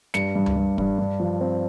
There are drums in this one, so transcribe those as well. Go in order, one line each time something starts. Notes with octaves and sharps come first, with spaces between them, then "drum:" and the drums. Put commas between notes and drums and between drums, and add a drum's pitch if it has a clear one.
G2 C#7, drum: snare
G2
drum: tom C#2
G2
G2, drum: kick
G2
F3
C4